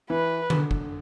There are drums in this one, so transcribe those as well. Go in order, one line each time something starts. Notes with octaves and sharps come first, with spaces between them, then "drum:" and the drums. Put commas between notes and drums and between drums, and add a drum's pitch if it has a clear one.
E3 B4
D3, drum: tom D3
drum: kick